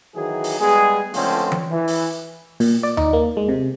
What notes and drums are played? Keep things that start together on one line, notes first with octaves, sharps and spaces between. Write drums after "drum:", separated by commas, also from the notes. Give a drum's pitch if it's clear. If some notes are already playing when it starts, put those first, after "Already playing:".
D#3 E3 F#3 G#4
drum: open hi-hat
G3 G#3 B3 G#4
C#2 D3 F3 A3 C4 C#4, drum: open hi-hat
drum: tom E3
E3
drum: open hi-hat
A#2, drum: open hi-hat
D5
D#4, drum: tom D#2
A#3
G#3
C3